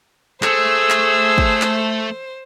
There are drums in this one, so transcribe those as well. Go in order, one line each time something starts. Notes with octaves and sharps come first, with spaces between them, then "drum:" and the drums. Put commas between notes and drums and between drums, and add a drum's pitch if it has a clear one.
A3 G#4 C5 E6, drum: clap
drum: clap
drum: kick
drum: clap